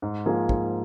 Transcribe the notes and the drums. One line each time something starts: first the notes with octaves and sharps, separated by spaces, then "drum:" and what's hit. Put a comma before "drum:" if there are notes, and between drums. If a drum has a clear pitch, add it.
G#2
F3 A#3 F4 G#4
G#2, drum: kick